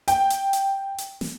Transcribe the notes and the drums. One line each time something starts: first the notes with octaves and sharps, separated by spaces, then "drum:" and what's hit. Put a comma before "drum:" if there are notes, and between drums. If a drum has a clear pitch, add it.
G5, drum: hi-hat
drum: hi-hat
drum: hi-hat
drum: hi-hat
drum: snare